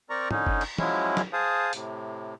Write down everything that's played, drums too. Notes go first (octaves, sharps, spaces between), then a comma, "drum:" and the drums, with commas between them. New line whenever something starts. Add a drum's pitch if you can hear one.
C4 A#4 D5 A#5 C#6
D3 C#4 D#4, drum: tom
drum: kick F#1
drum: cymbal
F3 F#3 G#3 C#4 E4, drum: tom
drum: snare
G#4 C5 F5 A5 D#6
A2 C3, drum: hi-hat